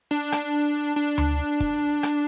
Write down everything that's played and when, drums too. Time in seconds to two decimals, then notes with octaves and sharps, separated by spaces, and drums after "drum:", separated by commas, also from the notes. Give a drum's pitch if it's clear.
0.11 D4
0.32 drum: rim click
0.96 D4
1.18 drum: tom D2
1.60 drum: kick
2.03 drum: rim click